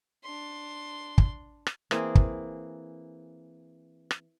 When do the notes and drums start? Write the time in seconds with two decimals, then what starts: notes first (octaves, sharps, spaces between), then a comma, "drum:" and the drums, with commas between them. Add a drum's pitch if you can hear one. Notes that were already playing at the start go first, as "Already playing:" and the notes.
0.24 D4 C6
1.18 drum: kick
1.67 drum: rim click
1.91 E3 A#3 C4 G#4, drum: rim click
2.15 drum: kick
4.11 drum: rim click